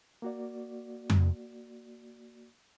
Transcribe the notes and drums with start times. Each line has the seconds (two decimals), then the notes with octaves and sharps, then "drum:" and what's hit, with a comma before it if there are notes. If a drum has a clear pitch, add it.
0.22 A#3 F#4 D5
1.10 drum: tom F2